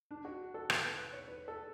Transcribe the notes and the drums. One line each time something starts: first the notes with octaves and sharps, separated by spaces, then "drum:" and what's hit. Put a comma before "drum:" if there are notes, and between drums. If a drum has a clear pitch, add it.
D4
F#4
A4
B4, drum: rim click
B4
B4
C#5
B4
A4